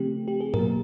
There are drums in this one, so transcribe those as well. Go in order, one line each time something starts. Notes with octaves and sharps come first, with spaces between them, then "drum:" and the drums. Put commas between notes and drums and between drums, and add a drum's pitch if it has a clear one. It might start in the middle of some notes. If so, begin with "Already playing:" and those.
Already playing: C#3 F3 A3 C4 G4
G4
G#4
B2 F#3 A#3 A#4, drum: tom G#2